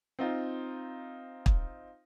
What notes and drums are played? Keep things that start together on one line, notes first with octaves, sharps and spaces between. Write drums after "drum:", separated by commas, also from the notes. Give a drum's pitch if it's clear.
C4 D#4 F4
drum: kick